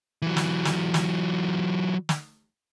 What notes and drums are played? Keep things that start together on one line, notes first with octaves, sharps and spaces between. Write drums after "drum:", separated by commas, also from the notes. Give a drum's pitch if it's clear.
E3 F#3
drum: snare
drum: snare
drum: snare
drum: snare